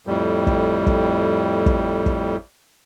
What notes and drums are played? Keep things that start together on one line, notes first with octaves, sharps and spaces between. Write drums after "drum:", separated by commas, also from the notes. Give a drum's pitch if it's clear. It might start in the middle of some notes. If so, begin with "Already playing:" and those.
F2 A2 G3
drum: kick
drum: kick
drum: kick
drum: kick